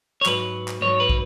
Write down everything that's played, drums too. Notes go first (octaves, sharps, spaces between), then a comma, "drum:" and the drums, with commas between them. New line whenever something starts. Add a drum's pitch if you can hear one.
C#5
G#2 F#3 B4, drum: clap
drum: clap
G#2 F#3 C#5
B4
drum: kick